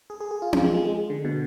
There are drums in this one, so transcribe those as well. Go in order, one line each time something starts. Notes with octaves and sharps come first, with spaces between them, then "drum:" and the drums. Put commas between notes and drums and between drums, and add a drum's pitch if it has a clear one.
G#4
G#4
G#4
F4
F4, drum: tom C4
G#3
G#3
G#3
D3
B2